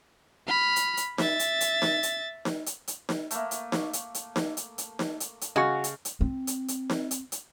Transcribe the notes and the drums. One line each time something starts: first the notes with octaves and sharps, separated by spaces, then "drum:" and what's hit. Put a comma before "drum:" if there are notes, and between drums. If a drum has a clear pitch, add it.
B5 F6
drum: hi-hat
drum: hi-hat
E5 A6, drum: snare D#4
drum: hi-hat
drum: hi-hat
drum: snare D#4
drum: hi-hat
drum: snare D#4
drum: hi-hat
drum: hi-hat
drum: snare D#4
A3 A#3, drum: hi-hat
drum: hi-hat
drum: snare D#4
drum: hi-hat
drum: hi-hat
drum: snare D#4
drum: hi-hat
drum: hi-hat
drum: snare D#4
drum: hi-hat
drum: hi-hat
C#3 F#4 D#5 G#5 C#6
drum: hi-hat
drum: hi-hat
C4
drum: hi-hat
drum: hi-hat
drum: snare D#4
drum: hi-hat
drum: hi-hat